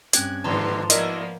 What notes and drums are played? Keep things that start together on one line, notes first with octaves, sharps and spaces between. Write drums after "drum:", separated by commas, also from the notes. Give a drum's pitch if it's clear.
G2 C4 C#4 F#6 G#6, drum: hi-hat
D#2 G#2 B2 D3 F3 A5 A#5 C6
F3 A#3 B3 E4 F#4 A#4 D5 D#5, drum: hi-hat